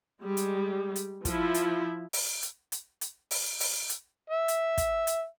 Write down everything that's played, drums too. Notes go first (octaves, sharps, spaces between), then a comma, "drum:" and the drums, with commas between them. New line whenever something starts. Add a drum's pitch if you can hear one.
G3 G#3
drum: hi-hat
drum: hi-hat
F3 E4, drum: kick, hi-hat
drum: hi-hat
drum: open hi-hat
drum: hi-hat
drum: hi-hat
drum: hi-hat
drum: open hi-hat
drum: open hi-hat
drum: hi-hat
E5
drum: hi-hat
drum: kick, hi-hat
drum: hi-hat